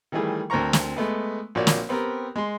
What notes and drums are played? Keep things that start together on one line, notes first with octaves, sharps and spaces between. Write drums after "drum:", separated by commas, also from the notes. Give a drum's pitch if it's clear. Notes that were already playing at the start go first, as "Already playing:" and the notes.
D#3 E3 G3 A3 G#4
D2 C4 A#4 A#5 C#6
drum: snare
G#3 A3 B3
A#1 F3 F#4 C#5 D5
drum: snare
B3 C4 G4 A#4
G#3 C6